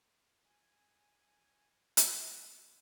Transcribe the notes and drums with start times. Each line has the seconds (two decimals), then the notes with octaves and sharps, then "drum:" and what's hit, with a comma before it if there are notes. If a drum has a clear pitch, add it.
0.45 G#5
1.97 D#5, drum: hi-hat